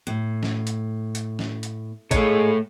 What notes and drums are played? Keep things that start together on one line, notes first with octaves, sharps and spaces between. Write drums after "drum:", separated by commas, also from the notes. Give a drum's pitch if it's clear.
A2
drum: snare
drum: hi-hat
drum: hi-hat
drum: snare
drum: hi-hat
G#3 A3 F4 C#5, drum: kick, hi-hat